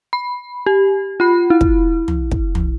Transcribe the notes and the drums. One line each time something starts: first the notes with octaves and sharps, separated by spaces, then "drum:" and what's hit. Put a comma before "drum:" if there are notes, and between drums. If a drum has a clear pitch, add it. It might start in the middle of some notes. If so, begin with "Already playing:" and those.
B5
G4
F4 B5
E4
drum: kick
drum: tom
drum: kick
drum: tom